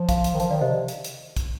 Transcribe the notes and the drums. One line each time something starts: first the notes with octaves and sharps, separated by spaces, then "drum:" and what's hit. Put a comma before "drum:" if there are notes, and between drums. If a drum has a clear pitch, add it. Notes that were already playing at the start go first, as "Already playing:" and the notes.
Already playing: F3
F5 A5, drum: kick, hi-hat
drum: hi-hat
D#3
F3 F5 A5, drum: hi-hat
D#3 D5 F5
C3 C5 D#5
drum: hi-hat
drum: hi-hat
drum: kick, hi-hat